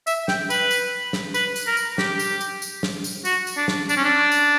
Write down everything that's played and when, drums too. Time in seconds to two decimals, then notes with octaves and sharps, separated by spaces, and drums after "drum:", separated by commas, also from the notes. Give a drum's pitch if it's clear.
0.07 E5, drum: tambourine
0.28 G5, drum: snare
0.50 B4, drum: tambourine
0.71 drum: tambourine
1.13 drum: snare
1.34 B4, drum: tambourine
1.56 drum: tambourine
1.67 A#4
1.77 drum: tambourine
1.98 G4, drum: snare
2.19 drum: tambourine
2.41 drum: tambourine
2.62 drum: tambourine
2.83 drum: snare
3.04 drum: tambourine
3.25 F#4, drum: tambourine
3.47 drum: tambourine
3.57 D4
3.68 drum: snare
3.89 D4, drum: tambourine
3.97 C#4
4.05 D4
4.32 drum: tambourine